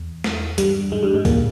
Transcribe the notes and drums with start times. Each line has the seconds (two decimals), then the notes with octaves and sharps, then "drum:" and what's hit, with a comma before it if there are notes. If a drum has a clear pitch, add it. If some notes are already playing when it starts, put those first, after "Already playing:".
Already playing: E2
0.24 drum: snare
0.58 G2 G3, drum: hi-hat
0.92 G#2 G#3
1.03 G2 G3
1.14 G#2 G#3
1.25 A#2 A#3, drum: kick, open hi-hat